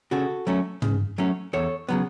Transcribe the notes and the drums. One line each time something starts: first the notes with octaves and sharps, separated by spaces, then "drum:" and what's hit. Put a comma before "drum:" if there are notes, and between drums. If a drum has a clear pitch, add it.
C#3 F#4 A4
F#3 A3 C#4
C#3, drum: tom
F#3 A3 C#4
E2 A4 C#5
C#3 F#3 B3